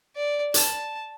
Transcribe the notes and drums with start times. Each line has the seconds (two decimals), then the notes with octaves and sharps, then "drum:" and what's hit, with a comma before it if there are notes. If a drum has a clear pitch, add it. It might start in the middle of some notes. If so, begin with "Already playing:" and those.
0.16 D5
0.54 A5, drum: hi-hat